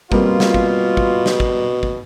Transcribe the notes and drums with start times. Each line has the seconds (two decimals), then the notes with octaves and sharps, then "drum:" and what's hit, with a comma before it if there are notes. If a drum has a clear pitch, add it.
0.12 B2 G3 A#3 C4 F4, drum: kick
0.40 drum: snare
0.54 drum: kick
0.97 drum: kick
1.26 drum: snare
1.40 drum: kick
1.83 drum: kick